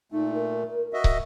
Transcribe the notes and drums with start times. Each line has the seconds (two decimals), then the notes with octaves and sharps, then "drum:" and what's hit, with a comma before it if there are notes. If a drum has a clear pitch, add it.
0.12 A#2 A3 D#4
0.34 A#4
0.93 F#4 D#5 E5
1.04 drum: kick